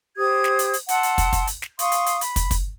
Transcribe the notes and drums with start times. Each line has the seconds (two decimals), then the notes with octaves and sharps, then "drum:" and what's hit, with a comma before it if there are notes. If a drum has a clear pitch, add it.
0.17 G4 C5 D#6 G#6
0.44 drum: snare
0.59 drum: hi-hat
0.74 drum: hi-hat
0.89 F#5 A5 C6 E6, drum: hi-hat
1.03 drum: hi-hat
1.18 drum: kick, hi-hat
1.33 drum: kick, hi-hat
1.47 drum: hi-hat
1.62 drum: snare
1.79 F5 C6 C#6 D#6, drum: hi-hat
1.92 drum: hi-hat
2.06 drum: hi-hat
2.21 B5, drum: hi-hat
2.36 drum: kick, hi-hat
2.51 drum: kick, hi-hat